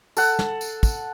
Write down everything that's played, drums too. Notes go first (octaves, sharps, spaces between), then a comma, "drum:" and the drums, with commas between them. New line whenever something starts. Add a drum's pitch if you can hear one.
A4 F#5, drum: tambourine
drum: snare
drum: tambourine
drum: kick, tambourine